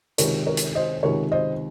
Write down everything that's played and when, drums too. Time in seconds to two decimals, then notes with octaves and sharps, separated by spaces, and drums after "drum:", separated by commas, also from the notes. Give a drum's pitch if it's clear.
0.18 C#2 C3 D#3 A#4 C#5, drum: hi-hat
0.46 A#4 C#5
0.57 drum: hi-hat
0.75 C5 D#5
1.03 C#2 C3 D#3 A#4 C#5
1.32 C5 D#5